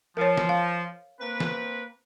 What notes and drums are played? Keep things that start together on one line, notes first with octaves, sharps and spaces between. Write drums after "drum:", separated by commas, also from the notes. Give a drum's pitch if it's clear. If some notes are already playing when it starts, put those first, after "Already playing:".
F3 A#4 C#5
drum: snare
F5
A#3 C4 B4
drum: snare